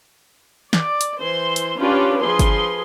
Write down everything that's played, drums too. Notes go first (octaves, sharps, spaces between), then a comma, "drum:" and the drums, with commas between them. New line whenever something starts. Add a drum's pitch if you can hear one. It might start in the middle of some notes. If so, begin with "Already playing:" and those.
D5, drum: snare
drum: hi-hat
E3 C5 C6
drum: hi-hat
C#4 D4 F4 G4 B4
F3 G#4 B4 C6
drum: kick G1, hi-hat